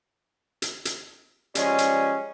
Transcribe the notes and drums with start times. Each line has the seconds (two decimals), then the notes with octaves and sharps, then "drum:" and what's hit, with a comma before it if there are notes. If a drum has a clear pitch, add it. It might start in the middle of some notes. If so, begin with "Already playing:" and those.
0.62 drum: hi-hat
0.85 drum: hi-hat
1.55 F3 G3 G#3 C#4, drum: hi-hat
1.78 drum: hi-hat